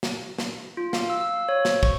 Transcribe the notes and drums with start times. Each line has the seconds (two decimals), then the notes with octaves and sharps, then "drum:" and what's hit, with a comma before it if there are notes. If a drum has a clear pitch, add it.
0.03 drum: snare
0.38 drum: snare
0.77 F4
0.93 F5, drum: snare
1.10 E6
1.21 E6
1.33 F5
1.49 C#5
1.65 C5, drum: snare
1.83 C#6, drum: kick